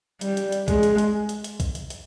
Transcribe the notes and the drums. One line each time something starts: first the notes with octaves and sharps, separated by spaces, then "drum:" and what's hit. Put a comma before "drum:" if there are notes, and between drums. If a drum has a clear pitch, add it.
G3, drum: hi-hat
drum: hi-hat
drum: hi-hat
G#3, drum: kick B1, hi-hat
drum: hi-hat
drum: hi-hat
drum: hi-hat
drum: hi-hat
drum: kick B1, hi-hat
drum: hi-hat
drum: hi-hat